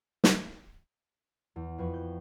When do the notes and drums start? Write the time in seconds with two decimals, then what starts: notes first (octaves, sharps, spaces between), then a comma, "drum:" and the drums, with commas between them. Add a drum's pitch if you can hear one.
0.24 drum: snare
1.56 E2
1.78 F2 F3 B4 C#6
1.94 G6